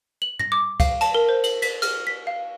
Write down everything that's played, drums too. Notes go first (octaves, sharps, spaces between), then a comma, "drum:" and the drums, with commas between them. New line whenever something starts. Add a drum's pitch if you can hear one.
F#7
A#6, drum: tom
D6
F5, drum: kick C#2, cymbal
A5, drum: cymbal
A#4
C5
F#7, drum: cymbal
B6, drum: cymbal
F6, drum: cymbal
B6
F5